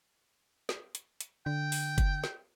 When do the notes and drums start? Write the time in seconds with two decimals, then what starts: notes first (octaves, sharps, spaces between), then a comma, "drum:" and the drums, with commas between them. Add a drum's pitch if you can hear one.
0.69 drum: snare
0.95 drum: hi-hat
1.21 drum: hi-hat
1.46 D3 G5
1.72 drum: open hi-hat
1.98 drum: kick F#1, hi-hat
2.24 drum: snare